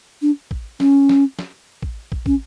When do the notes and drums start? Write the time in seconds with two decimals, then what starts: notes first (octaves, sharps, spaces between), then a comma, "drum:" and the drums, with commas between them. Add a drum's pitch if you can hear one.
0.22 D4
0.51 drum: kick
0.80 C#4, drum: snare
1.09 drum: snare
1.39 drum: snare
1.82 drum: kick
2.12 drum: kick
2.26 C#4, drum: kick